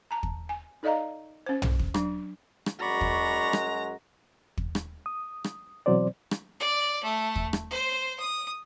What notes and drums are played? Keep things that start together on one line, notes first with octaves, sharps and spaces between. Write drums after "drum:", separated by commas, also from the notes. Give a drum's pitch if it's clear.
A5 A#5
drum: kick
G#5
D#4 A4 D5 D#5 F5 A#5
C#4 C5
drum: tom
drum: kick
F#3 D4, drum: rim click
drum: rim click
F#2 G#3 F#4 D5 A#5 B5 C#6
drum: kick
drum: rim click
drum: kick
drum: rim click
D#6
drum: rim click
B2 E3 F#3 C4 C5 D5
drum: rim click
D5
A3
drum: kick
drum: rim click
C5
D#6